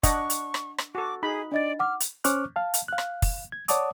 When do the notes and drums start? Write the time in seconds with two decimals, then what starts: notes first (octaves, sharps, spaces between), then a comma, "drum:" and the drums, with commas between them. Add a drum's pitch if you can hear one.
0.03 D4 D#5 F#5 C#6, drum: kick, hi-hat
0.30 drum: hi-hat
0.54 drum: rim click
0.78 drum: rim click
0.95 F#4 A4 D6
1.23 D#4 G#4 B5
1.52 D4 D5 D#5 A6
1.80 F#5 D6 F6
2.00 drum: hi-hat
2.24 C#4 C5 C#6 D6 F6 F#6, drum: hi-hat
2.56 F5 A5
2.74 drum: hi-hat
2.88 F5 F#6
2.98 drum: rim click
3.22 drum: kick, open hi-hat
3.52 G#6
3.68 C#5 D5 F#5 A5 D6 D#6, drum: hi-hat